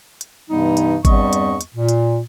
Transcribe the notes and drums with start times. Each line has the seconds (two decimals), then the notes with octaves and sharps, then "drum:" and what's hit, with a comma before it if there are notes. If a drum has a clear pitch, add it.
0.21 drum: hi-hat
0.50 G2 C3 E3 G3 B3 D#4
0.77 drum: hi-hat
1.05 E2 G2 G3 C4 D#5 C#6, drum: kick G#1, hi-hat
1.33 drum: hi-hat
1.61 drum: hi-hat
1.75 A#2
1.89 drum: hi-hat